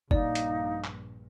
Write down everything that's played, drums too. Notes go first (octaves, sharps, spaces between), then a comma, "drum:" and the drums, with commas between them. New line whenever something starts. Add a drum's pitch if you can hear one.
A#1 G2 A#2 A#3 D#4 D5, drum: kick G1
drum: hi-hat
drum: clap